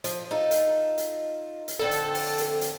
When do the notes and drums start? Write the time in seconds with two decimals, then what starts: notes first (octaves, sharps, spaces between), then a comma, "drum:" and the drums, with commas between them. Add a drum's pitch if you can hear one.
0.04 F3, drum: hi-hat
0.31 D#4 F4 A4
0.51 drum: hi-hat
0.98 drum: hi-hat
1.68 drum: hi-hat
1.79 F2 D3 C4 A4
1.91 drum: hi-hat
2.15 drum: open hi-hat
2.38 drum: hi-hat
2.61 drum: hi-hat